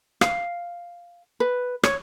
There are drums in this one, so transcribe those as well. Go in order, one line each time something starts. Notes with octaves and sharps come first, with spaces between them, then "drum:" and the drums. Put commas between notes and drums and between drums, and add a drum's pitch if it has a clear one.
F5, drum: rim click
B4
C#5, drum: rim click